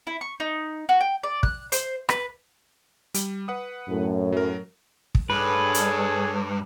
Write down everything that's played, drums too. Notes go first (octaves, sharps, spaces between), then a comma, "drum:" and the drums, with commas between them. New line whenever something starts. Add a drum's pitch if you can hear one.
E4
C#6
D#4
F#4
G5
D5
F#6, drum: kick
C5, drum: hi-hat
B4, drum: rim click
G3, drum: hi-hat
B4 F#5 D#6
F#2 A2
F#3 A#4
drum: kick
G2 G#4 A4 B4 C#5
drum: hi-hat